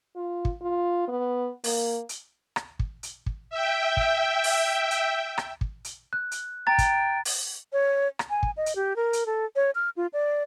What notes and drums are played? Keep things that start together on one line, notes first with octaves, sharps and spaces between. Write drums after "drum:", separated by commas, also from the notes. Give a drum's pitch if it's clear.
F4
drum: kick
F4
B3
A#3, drum: open hi-hat
drum: hi-hat
drum: rim click
drum: kick
drum: hi-hat
drum: kick
E5 G5
drum: kick
drum: open hi-hat
drum: hi-hat
drum: rim click
drum: kick
drum: hi-hat
F#6
drum: hi-hat
G5 A#5 A6
drum: kick, hi-hat
drum: open hi-hat
C#5
drum: rim click
G#5
drum: kick
D#5
drum: hi-hat
G4
A#4
drum: hi-hat
A4
C#5
F6
F4
D5